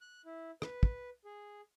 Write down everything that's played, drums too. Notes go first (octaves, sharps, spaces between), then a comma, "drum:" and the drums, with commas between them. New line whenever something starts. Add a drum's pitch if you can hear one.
F#6
E4
B4, drum: rim click
drum: kick
G#4